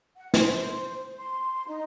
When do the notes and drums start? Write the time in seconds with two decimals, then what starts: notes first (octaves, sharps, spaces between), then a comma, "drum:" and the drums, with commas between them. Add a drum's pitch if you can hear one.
0.16 F#5
0.34 C5, drum: snare
1.17 C6
1.68 D#4